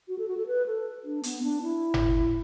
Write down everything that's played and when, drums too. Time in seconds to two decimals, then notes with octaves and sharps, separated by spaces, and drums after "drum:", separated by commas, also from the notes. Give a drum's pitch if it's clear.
0.08 F#4
0.18 A4
0.28 F#4
0.37 A4
0.47 B4
0.66 A4
1.04 D4
1.23 B3, drum: hi-hat
1.43 D4
1.62 E4
1.94 drum: tom G1